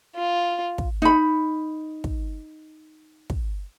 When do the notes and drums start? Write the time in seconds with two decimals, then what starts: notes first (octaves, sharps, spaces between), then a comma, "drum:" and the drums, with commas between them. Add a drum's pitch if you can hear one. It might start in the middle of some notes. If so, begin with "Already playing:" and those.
0.15 F4
0.78 drum: kick
1.02 D#4 B5
2.04 drum: kick
3.30 drum: kick